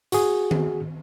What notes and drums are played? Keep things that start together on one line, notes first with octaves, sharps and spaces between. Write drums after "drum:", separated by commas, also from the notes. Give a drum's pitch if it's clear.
F#4 G#4, drum: hi-hat
drum: tom D#3